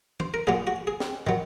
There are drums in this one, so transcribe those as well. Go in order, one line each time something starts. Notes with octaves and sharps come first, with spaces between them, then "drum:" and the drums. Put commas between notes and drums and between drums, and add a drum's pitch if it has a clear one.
C5, drum: tom
A#4
A#2 F#3 A#3 G#4
F#4
G#4
drum: snare
D#3 F#3, drum: tom